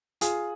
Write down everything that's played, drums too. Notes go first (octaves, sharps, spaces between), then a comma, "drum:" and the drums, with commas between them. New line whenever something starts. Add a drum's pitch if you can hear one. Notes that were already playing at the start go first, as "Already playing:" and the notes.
F4 G#4, drum: hi-hat